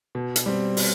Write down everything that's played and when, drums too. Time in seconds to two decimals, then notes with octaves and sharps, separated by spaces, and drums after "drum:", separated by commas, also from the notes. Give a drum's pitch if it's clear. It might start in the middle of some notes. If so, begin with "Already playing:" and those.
0.15 B2
0.36 drum: hi-hat
0.46 G3 C4
0.77 B2, drum: open hi-hat